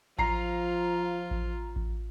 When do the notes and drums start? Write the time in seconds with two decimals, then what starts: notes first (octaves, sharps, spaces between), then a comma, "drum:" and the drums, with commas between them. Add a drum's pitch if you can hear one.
0.19 F3 F4 A#5 C7, drum: kick A1
1.31 drum: kick A1
1.76 drum: kick A1